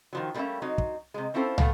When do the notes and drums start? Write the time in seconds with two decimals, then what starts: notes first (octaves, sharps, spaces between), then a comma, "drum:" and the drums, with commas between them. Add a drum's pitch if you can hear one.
0.13 D#3 F3 F#3
0.34 B2 G3 A3 A#3 C#4 E5
0.62 F#3 C4 D#4 D#5
0.78 drum: kick
1.14 C3 G#3
1.34 C4 C#4 E4 F4 A4 C5
1.58 A3 B3 F5, drum: tom